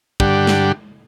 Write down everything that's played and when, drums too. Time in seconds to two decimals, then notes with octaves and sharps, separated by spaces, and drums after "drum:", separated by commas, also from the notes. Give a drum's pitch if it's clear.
0.20 G2 D3 G3 D4 G4 F#5, drum: kick
0.47 drum: snare